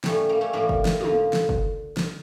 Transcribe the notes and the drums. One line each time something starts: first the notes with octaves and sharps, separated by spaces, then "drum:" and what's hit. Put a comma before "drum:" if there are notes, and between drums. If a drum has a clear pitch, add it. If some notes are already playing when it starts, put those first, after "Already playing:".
A2 G3 A3 C#4, drum: snare
G3 A#3
A3 C#4
A2 E3 G3 A#3 D4
drum: kick
drum: snare
F2 D3 F3, drum: tom
drum: snare
drum: kick
drum: snare